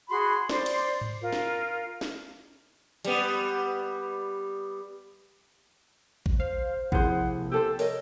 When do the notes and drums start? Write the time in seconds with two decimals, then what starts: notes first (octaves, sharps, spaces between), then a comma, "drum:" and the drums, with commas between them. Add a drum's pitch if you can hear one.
0.09 F#4 G#4 B5 C6
0.49 C5 D5 C6, drum: snare
0.66 drum: cymbal
1.01 drum: tom G#2
1.22 F4 A#4
1.33 drum: snare
2.01 drum: snare
3.05 G3 B3, drum: hi-hat
6.26 drum: kick A1
6.40 C5 F5
6.92 C3 F3 A#3 E4 G#4 C5 F#5, drum: kick A1
7.52 G4 A4 C5 E6
7.79 A#4 C#5 D#5, drum: open hi-hat